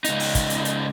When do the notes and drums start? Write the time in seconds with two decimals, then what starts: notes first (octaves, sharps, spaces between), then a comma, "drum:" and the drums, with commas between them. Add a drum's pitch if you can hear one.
0.05 C#2 D#4, drum: hi-hat
0.20 drum: open hi-hat
0.35 drum: kick, hi-hat
0.50 drum: hi-hat
0.65 drum: hi-hat